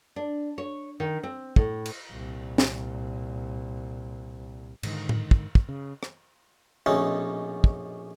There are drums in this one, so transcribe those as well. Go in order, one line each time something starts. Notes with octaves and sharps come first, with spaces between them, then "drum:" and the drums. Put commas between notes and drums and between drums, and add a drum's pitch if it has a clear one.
D4
C#5
D#3
C4
A2, drum: kick
drum: cymbal
C2 A#2
drum: snare
G#2 D3 D#3, drum: cymbal
drum: tom A2
drum: kick
drum: kick
C#3
drum: rim click
A#1 B2 A3 C#4 D#4
drum: kick